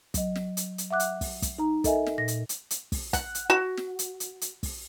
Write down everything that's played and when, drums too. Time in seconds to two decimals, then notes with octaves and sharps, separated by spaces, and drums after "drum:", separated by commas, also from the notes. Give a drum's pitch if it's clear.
0.14 F#3 D#5, drum: kick, hi-hat
0.35 drum: snare
0.57 drum: hi-hat
0.78 drum: hi-hat
0.91 E5 F#5 D6 F#6
1.00 drum: hi-hat
1.21 drum: kick, open hi-hat
1.42 drum: kick, hi-hat
1.58 D#4 A#5
1.84 A4 A#4 D#5 E5 G#5, drum: kick, hi-hat
2.06 drum: snare
2.18 A#2 A#6
2.28 drum: hi-hat
2.49 drum: hi-hat
2.71 drum: hi-hat
2.92 drum: kick, open hi-hat
3.13 F#5, drum: kick, hi-hat
3.35 drum: hi-hat
3.50 F#4
3.77 drum: snare
3.99 drum: hi-hat
4.20 drum: hi-hat
4.41 drum: hi-hat
4.63 drum: kick, open hi-hat